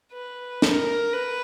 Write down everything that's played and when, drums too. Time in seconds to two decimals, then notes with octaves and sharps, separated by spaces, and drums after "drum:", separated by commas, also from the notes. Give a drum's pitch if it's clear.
0.12 B4
0.62 A#4, drum: snare
1.13 B4